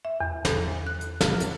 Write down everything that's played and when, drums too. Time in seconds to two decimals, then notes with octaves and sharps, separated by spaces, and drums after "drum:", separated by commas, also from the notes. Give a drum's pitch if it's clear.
0.05 E5
0.20 E2
0.45 A4, drum: snare
0.87 F#6
1.01 drum: hi-hat
1.21 F6, drum: snare
1.40 drum: hi-hat